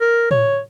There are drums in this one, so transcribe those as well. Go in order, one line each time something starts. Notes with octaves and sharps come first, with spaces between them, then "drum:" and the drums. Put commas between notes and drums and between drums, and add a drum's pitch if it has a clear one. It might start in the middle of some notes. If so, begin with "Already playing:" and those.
A#4
C#5, drum: tom A2